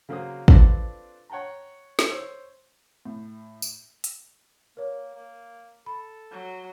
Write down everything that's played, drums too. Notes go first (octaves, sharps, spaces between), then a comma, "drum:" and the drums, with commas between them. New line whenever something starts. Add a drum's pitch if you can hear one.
C#3 F#3 A#3 C4 C5 D#6
C4 D4 F4 A4 B4, drum: kick
C#5 F#5 G5 A5 A#5
drum: snare
C5 C#5 E6
A2
drum: tambourine
drum: hi-hat
A#3 A#4 C#5
A#3
A4 B5
F#3